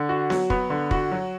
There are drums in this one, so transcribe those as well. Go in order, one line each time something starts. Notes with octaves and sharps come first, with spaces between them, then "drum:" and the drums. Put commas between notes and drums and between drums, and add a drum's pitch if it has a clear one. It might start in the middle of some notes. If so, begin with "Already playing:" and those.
Already playing: D3
F#4
F#3, drum: snare B3
B3, drum: kick
D3
F#4, drum: kick
F#3